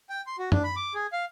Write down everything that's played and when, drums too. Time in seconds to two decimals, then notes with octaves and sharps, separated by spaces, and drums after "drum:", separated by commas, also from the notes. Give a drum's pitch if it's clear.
0.09 G5
0.27 C6
0.39 F#4
0.52 D4, drum: tom
0.64 B5
0.76 D6
0.94 G#4
1.13 F5